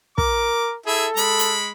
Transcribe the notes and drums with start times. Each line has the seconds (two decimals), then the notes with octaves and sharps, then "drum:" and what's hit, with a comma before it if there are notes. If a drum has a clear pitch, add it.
0.18 A#4 D6, drum: kick
0.86 E4 G#4 A4 E5
1.17 G#3 B5, drum: hi-hat
1.39 drum: hi-hat